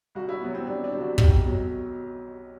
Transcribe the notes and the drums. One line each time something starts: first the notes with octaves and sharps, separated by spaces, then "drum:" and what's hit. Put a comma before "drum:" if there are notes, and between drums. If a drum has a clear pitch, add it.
C2 F#4
E4
C3 F#3 B3
C4
C2 D4
D4
C3 F#3
F#4
B1 G4, drum: kick
B2 F#3